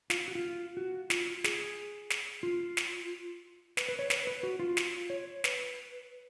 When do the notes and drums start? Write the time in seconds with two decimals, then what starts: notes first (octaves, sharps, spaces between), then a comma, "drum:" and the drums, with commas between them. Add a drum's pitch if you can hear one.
0.10 F4, drum: snare
0.28 F#4
0.35 F4
0.77 F#4
1.10 F4, drum: snare
1.44 G#4, drum: snare
2.10 drum: snare
2.43 F4
2.77 drum: snare
3.77 B4, drum: snare
3.89 B4
3.99 C#5
4.10 B4, drum: snare
4.27 B4
4.43 F#4
4.60 F4
4.77 drum: snare
5.10 C#5
5.44 B4, drum: snare